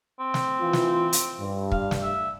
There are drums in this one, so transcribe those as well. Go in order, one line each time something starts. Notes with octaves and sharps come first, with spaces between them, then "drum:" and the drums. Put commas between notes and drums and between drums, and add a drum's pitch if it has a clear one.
C4
drum: snare
E3 F4
drum: snare
drum: hi-hat
G2
F5, drum: kick
drum: snare
E5